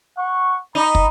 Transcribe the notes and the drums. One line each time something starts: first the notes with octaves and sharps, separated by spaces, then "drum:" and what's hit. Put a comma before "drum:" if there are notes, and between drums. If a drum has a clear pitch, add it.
F#5 C#6
D#4 D#5 B5
drum: kick